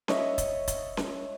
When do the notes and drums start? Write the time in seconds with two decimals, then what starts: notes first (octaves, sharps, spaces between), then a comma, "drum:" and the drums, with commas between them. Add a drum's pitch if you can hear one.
0.08 C#5 D#5 E5, drum: snare C#4
0.38 drum: kick, hi-hat
0.68 drum: kick, hi-hat
0.97 drum: snare C#4